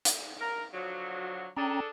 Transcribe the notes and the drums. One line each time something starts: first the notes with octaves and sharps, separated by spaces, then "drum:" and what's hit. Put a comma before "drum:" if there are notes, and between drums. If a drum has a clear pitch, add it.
drum: hi-hat
A#4
D3 F3 F#3
C#4 D4 G#4 A4 G5 A#5